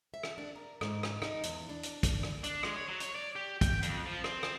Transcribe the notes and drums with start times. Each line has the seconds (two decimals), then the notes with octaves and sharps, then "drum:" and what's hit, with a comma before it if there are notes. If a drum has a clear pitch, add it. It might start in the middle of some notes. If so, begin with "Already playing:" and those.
0.14 E5
0.23 drum: rim click
0.38 D4
0.55 A#4
0.81 G#2, drum: rim click
1.03 drum: rim click
1.22 D#4, drum: rim click
1.43 E2, drum: hi-hat
1.69 D4
1.83 drum: hi-hat
2.03 drum: kick, hi-hat
2.23 drum: rim click
2.44 D4, drum: hi-hat
2.63 G#3, drum: rim click
2.76 C#5
2.88 F#3
3.00 C#5, drum: hi-hat
3.15 D5
3.36 G4
3.61 G5, drum: kick, hi-hat
3.83 F2, drum: hi-hat
4.06 F3
4.24 C4, drum: rim click
4.43 drum: rim click